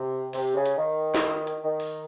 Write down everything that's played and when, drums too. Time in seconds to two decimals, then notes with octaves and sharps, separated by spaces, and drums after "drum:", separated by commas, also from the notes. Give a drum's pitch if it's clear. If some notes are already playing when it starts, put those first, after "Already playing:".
Already playing: C3
0.33 C3, drum: open hi-hat
0.55 C#3
0.66 drum: hi-hat
0.77 D#3
1.15 drum: snare
1.47 drum: hi-hat
1.63 D#3
1.80 drum: open hi-hat